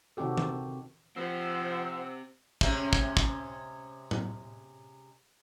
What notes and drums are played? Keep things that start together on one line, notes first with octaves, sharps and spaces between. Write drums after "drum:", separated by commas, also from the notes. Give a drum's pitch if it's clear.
C3 D#3 C4 F#4 G4 A4
drum: tom D#3
F3 C4 G4 C5 F#5 E6
C3 G#3 C#4, drum: kick
drum: kick
drum: kick
drum: tom A2